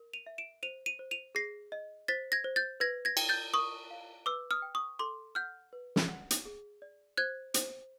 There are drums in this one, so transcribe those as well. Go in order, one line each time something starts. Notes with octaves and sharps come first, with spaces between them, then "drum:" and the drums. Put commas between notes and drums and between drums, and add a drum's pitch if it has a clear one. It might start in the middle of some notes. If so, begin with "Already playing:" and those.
Already playing: A#4
D#7 F7
E5
D7 E7
C5 D#7 F7
D#7 F7
C5
D#7 F7
G#4 A#6 C7
D#5
C5 A6 B6
G#6 A#6
C5
G6 A6
B4 G#6 A#6
G#6 A#6
G5, drum: cymbal
G6 A6
A#4 C#6 D#6
F5
B4 D6 E6
D#6 F6
G5
C#6 D#6
A4 C6 D6
F#5 F6 G6
B4
drum: snare
F#5
drum: hi-hat
G#4
D5
C5 F#6 G#6
C5, drum: hi-hat